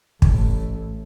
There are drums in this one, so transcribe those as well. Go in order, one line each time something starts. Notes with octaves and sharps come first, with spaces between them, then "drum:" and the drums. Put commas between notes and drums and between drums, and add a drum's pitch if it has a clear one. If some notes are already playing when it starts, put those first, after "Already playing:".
A1 A2, drum: kick